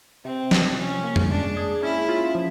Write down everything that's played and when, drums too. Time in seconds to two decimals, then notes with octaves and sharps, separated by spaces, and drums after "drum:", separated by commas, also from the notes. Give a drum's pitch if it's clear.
0.24 C3 C4
0.51 C3, drum: snare
0.77 F3 C#4
1.04 A#3
1.16 drum: tom F2
1.30 G#3 D4
1.57 G#4
1.83 C#4 E4
2.09 F4
2.35 F3